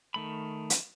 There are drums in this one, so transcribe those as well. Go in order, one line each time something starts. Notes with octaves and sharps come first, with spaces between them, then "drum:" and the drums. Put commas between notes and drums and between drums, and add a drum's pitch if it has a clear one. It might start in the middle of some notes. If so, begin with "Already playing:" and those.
D#3 A3 B5
drum: hi-hat